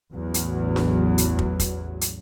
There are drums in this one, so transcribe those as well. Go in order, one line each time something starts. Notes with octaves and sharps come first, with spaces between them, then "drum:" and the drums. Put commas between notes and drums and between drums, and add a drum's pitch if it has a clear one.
A1 E2 F#3
drum: hi-hat
drum: snare D4
drum: hi-hat
drum: kick
drum: kick, hi-hat
drum: hi-hat